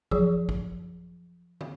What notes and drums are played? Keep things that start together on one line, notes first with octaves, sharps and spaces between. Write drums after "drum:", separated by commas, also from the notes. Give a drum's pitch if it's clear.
F3 F#3 G#4, drum: kick
drum: kick
drum: tom